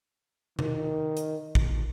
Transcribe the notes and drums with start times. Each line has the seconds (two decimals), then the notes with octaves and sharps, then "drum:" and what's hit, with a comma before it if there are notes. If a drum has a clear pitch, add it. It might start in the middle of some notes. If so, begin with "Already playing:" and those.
0.59 D#3, drum: tom C3
1.17 drum: hi-hat
1.55 drum: kick